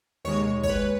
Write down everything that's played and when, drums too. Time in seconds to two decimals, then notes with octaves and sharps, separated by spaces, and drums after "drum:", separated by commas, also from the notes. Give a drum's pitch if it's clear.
0.25 D#2 D#3 G#3 C#5
0.42 drum: tom A#2
0.63 C#5, drum: kick
0.69 B4